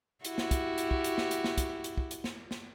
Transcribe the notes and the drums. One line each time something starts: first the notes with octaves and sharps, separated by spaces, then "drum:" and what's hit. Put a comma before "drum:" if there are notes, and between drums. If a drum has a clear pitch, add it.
E4 F#4 G4, drum: hi-hat
drum: snare
drum: kick, hi-hat
drum: hi-hat
drum: kick
drum: hi-hat
drum: snare
drum: hi-hat
drum: snare
drum: kick, hi-hat
drum: hi-hat
drum: kick
drum: hi-hat
drum: snare
drum: snare